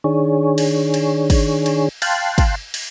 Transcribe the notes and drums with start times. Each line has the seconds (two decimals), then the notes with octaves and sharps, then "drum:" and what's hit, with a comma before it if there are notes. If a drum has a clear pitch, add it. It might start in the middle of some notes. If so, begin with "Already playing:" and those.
0.04 D#3 D4 G#4 C#5
0.58 drum: cymbal
0.94 drum: cymbal
1.30 drum: kick, cymbal
1.66 drum: cymbal
2.02 F5 G5 A5 C6 F#6, drum: cymbal
2.38 drum: kick, cymbal
2.74 drum: cymbal